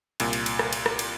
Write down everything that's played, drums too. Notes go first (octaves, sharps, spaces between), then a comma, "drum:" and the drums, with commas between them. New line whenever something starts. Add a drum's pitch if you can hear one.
C2 A#2, drum: cymbal
drum: cymbal
drum: cymbal
drum: rim click
drum: cymbal
drum: rim click
drum: cymbal